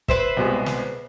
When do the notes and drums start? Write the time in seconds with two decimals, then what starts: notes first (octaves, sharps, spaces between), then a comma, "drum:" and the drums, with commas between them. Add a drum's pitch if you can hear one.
0.08 B4 C5 E5, drum: kick
0.37 C2 B2 G#3
0.66 drum: snare